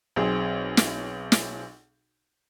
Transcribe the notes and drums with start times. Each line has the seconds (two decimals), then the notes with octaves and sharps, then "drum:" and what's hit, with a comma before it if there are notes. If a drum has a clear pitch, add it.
0.16 B1 C4 G#4
0.77 drum: snare
1.32 drum: snare